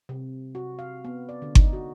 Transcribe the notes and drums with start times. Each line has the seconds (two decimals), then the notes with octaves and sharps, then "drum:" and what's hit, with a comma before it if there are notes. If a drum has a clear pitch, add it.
0.09 C3
0.55 F#4
0.79 F5
1.05 B3
1.29 D5
1.42 D3
1.55 D#4, drum: kick G1
1.73 F#4